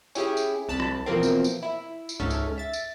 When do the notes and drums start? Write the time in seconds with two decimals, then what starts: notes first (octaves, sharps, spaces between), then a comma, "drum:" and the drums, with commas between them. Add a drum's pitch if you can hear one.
0.15 C#4 E4 G4 G#4, drum: tambourine
0.37 drum: tambourine
0.68 C2 A5 B5
0.80 drum: rim click
1.06 B2 E3 F3 A#3 C4
1.23 drum: tambourine
1.44 drum: tambourine
1.63 E4
2.09 drum: tambourine
2.20 C#2 G#2 C#4 A4 E5 F6
2.30 drum: tambourine
2.58 E5 A6
2.73 drum: tambourine